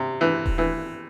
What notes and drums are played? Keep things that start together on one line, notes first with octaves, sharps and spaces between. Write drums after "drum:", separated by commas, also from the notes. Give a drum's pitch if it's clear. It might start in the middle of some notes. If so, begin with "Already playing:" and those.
Already playing: C3
E3
drum: kick D#1
E3